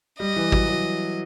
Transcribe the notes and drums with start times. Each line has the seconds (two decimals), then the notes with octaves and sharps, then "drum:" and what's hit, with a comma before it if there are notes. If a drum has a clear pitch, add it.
0.20 G3 D#5
0.36 E3
0.52 F#3, drum: kick
0.69 F#3